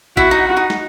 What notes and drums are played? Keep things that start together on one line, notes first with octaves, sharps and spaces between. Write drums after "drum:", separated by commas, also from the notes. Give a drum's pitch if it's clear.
E4 F#4, drum: kick A1
D#4
D#4
drum: snare